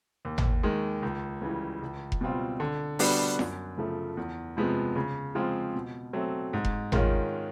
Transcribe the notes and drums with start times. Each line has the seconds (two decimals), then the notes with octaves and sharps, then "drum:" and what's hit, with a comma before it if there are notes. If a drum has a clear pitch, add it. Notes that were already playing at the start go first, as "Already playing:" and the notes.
0.25 D#2
0.38 drum: tom G#1
0.63 D#3 G#3
1.02 C#2
1.42 C#3 E3 G3
1.82 C#2
2.12 drum: kick F1
2.21 B2 G3 C4 F4
2.60 D3
2.99 G3 B3 D4 F#4, drum: open hi-hat
3.39 F#2, drum: snare
3.78 C#3 F3 A3
4.17 E2
4.57 C3 F3 G#3 B3
4.96 C#3
5.35 F3 G#3 C4 F4
5.75 B2
6.13 F#3 A3 C4
6.53 G#2
6.65 drum: kick F1
6.92 D#3 G#3 C#4 F4, drum: tom G#1